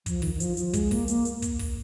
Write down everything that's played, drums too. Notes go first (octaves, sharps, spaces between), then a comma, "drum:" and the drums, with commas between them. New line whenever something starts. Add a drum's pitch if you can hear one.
F3, drum: kick, hi-hat
D#3, drum: kick, open hi-hat
D#3
F3, drum: hi-hat
F3, drum: hi-hat
G#3, drum: kick, hi-hat
A#3, drum: kick, open hi-hat
A#3, drum: hi-hat
drum: hi-hat
drum: kick, hi-hat
drum: kick, open hi-hat